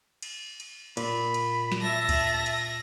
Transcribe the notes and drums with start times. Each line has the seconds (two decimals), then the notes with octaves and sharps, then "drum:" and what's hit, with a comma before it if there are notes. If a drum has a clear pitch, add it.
0.23 drum: cymbal
0.60 drum: cymbal
0.97 A#2 B5, drum: cymbal
1.34 drum: cymbal
1.72 drum: snare
1.82 E5 A5 A#6
2.09 drum: kick, cymbal
2.46 drum: cymbal